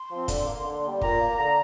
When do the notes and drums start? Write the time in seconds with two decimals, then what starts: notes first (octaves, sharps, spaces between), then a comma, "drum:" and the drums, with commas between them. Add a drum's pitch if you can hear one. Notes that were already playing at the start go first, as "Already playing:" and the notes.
Already playing: C6
0.10 F3 C4
0.28 D3, drum: kick, hi-hat
0.47 A#3
0.64 D3
0.83 G3 A#3
1.01 A#2 A#5, drum: kick
1.20 A#3
1.38 D3 A#5